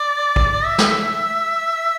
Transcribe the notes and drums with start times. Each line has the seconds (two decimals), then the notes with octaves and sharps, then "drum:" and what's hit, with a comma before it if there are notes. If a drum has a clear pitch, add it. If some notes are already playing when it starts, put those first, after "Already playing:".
Already playing: D5
0.36 drum: kick
0.65 E5
0.78 drum: snare